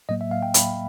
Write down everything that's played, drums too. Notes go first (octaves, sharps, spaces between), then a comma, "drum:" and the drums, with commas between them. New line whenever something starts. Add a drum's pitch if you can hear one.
A2 F#3 A#3 D#5
E5
F5
G5
B5, drum: hi-hat